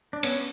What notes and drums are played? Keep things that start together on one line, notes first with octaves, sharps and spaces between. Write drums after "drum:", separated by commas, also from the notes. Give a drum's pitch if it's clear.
D4
B3 C#4, drum: cymbal